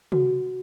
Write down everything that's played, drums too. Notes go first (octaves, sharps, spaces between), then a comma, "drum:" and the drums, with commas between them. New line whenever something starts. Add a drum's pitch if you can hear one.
F#4, drum: tom C3